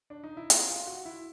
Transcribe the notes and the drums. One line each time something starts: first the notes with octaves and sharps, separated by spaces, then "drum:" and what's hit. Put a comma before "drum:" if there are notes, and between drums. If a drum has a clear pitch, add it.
D4
D#4
E4
F4, drum: hi-hat
F4
F#4
E4